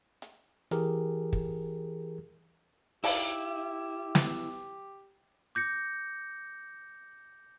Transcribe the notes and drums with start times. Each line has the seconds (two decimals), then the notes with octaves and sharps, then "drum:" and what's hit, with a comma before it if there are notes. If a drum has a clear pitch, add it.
0.22 drum: hi-hat
0.71 E3 G4 G#4 A#4, drum: hi-hat
1.33 drum: kick
3.04 D#4 E4 G4 F5 F#5, drum: open hi-hat
4.15 drum: snare
5.55 D6 G6 A#6 C#7